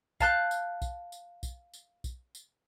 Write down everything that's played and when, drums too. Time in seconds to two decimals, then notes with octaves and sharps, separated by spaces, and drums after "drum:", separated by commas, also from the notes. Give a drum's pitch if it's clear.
0.20 F5 A5 F#6 G6, drum: kick, tambourine
0.51 drum: tambourine
0.82 drum: kick, tambourine
1.12 drum: tambourine
1.43 drum: kick, tambourine
1.74 drum: tambourine
2.04 drum: kick, tambourine
2.35 drum: tambourine